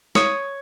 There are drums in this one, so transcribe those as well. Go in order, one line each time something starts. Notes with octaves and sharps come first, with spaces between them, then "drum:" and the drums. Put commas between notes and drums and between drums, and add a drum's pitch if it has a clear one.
C#5 D#6, drum: snare